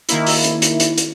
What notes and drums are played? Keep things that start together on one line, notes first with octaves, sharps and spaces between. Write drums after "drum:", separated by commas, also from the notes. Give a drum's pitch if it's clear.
D#3 A#3 E4, drum: hi-hat
drum: open hi-hat
drum: hi-hat
drum: hi-hat
drum: hi-hat
drum: hi-hat